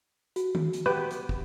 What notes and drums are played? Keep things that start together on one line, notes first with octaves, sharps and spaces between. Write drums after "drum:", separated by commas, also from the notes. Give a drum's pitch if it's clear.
F#4, drum: hi-hat
drum: tom D#3
drum: hi-hat
B3 G4 B4
drum: hi-hat
drum: kick